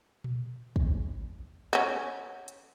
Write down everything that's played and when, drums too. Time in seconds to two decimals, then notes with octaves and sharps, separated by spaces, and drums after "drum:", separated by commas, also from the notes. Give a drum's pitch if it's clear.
0.24 drum: tom A#2
0.76 drum: kick
1.73 C#4 F#4
2.48 drum: hi-hat